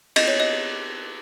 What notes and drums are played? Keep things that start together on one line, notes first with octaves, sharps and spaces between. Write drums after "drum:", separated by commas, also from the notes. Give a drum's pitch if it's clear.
D#5, drum: cymbal
C#5
D#5